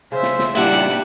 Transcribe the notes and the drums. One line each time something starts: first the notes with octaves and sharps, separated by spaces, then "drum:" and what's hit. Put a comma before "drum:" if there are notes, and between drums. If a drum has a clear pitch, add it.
C#3 C5 E5
drum: snare
drum: snare
A#2 G3 D4 E4 G4 F#5, drum: cymbal
drum: cymbal
drum: snare